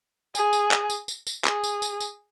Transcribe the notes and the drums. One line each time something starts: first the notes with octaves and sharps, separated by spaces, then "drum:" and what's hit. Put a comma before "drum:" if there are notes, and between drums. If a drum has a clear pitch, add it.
G#4, drum: tambourine
drum: tambourine
drum: clap
drum: tambourine
drum: tambourine
drum: tambourine
G#4, drum: clap
drum: tambourine
drum: tambourine
drum: tambourine